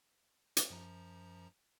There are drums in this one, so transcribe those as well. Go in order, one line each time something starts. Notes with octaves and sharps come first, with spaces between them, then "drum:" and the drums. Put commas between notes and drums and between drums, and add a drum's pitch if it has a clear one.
drum: hi-hat
F#2 F3 A#5